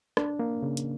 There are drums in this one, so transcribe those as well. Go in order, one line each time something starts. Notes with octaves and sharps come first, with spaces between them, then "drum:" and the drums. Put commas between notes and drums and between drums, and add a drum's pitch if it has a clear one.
D4, drum: rim click
A#3
C#3
drum: hi-hat